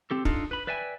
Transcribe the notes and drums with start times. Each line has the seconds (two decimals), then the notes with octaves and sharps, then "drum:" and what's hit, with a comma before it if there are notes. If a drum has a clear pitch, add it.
0.11 C4 G4 A4
0.25 D4 D#4 F4 A4, drum: kick
0.51 B4 B5
0.67 B4 D5 E5 G5 G#5